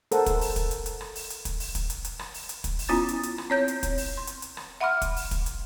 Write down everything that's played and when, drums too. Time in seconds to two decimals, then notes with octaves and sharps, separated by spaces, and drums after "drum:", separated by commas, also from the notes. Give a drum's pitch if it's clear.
0.11 A4 A#4 C5 F#5, drum: hi-hat
0.26 drum: kick, hi-hat
0.41 drum: open hi-hat
0.56 drum: kick, hi-hat
0.71 drum: hi-hat
0.86 drum: hi-hat
1.01 drum: rim click
1.15 drum: open hi-hat
1.30 drum: hi-hat
1.45 drum: kick, hi-hat
1.60 drum: open hi-hat
1.75 drum: kick, hi-hat
1.90 drum: hi-hat
2.05 drum: hi-hat
2.19 drum: rim click
2.34 drum: open hi-hat
2.49 drum: hi-hat
2.64 drum: kick, hi-hat
2.79 drum: open hi-hat
2.89 B3 C#4 E4 F4 A#5 A6
3.08 drum: hi-hat
3.23 drum: hi-hat
3.38 drum: rim click
3.50 C4 C#5 G6
3.68 drum: hi-hat
3.83 drum: kick, hi-hat
3.98 drum: open hi-hat
4.17 C6
4.27 drum: hi-hat
4.42 drum: hi-hat
4.57 drum: rim click
4.81 E5 F#5 B5 C6 D6 F6
5.02 drum: kick, hi-hat
5.16 drum: open hi-hat
5.31 drum: kick, hi-hat
5.46 drum: hi-hat